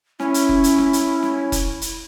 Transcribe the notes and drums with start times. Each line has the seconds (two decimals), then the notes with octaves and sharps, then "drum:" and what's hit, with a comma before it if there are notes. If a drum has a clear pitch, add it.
0.20 C#4 E4, drum: snare
0.34 drum: hi-hat
0.49 drum: kick F1
0.64 drum: hi-hat
0.78 drum: snare
0.93 drum: hi-hat
1.23 drum: snare
1.52 drum: kick F1, hi-hat
1.82 drum: hi-hat